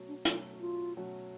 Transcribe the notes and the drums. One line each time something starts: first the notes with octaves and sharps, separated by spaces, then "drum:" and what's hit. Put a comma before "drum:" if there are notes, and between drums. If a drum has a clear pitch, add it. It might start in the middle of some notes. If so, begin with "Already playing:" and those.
Already playing: B2 F#3 A3 C#4 F#4
D4
B2 F#3 A3 C#4 F4 F#4, drum: hi-hat
F4
B2 F#3 A3 C#4 F#4